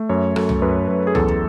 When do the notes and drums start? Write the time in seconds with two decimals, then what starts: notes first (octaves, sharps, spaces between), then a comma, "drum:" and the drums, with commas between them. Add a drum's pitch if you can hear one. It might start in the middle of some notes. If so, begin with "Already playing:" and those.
Already playing: A3
0.09 F#2 C#5
0.36 F#2 A4, drum: rim click
0.49 drum: tom C2
0.62 F#2 B4
0.89 F#2
1.07 G#4
1.15 E2 A4, drum: tom C2
1.28 drum: kick